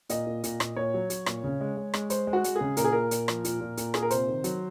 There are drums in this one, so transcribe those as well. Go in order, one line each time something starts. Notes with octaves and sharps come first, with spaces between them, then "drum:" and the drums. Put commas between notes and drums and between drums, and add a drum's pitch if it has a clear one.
A#2 D#5, drum: hi-hat
A#2
A#2, drum: hi-hat
A#2, drum: rim click
A#2 C#5
F#3
F#3, drum: hi-hat
A#2, drum: rim click
C#3
G#3
G#3
G#3, drum: rim click
G#3 C5, drum: hi-hat
G#3
F#4
G#3, drum: hi-hat
C#3 G#4
A#2 A#4, drum: hi-hat
G#4
A#2 A#4
A#2, drum: hi-hat
F3, drum: rim click
A#2, drum: hi-hat
A#2
A#2, drum: hi-hat
A#2 G#4, drum: rim click
A#4
C3 C5, drum: hi-hat
D#3
F#3, drum: hi-hat